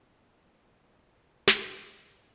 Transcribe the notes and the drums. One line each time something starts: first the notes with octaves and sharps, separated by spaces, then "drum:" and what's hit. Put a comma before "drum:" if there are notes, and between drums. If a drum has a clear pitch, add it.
D#4 B4
drum: snare